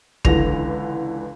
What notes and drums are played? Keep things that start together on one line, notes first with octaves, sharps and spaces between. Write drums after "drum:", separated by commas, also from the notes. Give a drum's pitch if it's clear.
C#2 D3 E3 A#6 F7, drum: kick